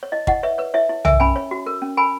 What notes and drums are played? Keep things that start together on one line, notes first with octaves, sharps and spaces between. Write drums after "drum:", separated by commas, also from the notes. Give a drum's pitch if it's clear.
C#5
E4 D#5
E4 D#5 F#5, drum: kick
B4 C#5 E5
B4 C#5
E4 C#5 E5
E4
A#4 E5 G#5, drum: tom
C#4 G#5 B5
C#5
F#4
A#4
C#4
A#4 G#5 B5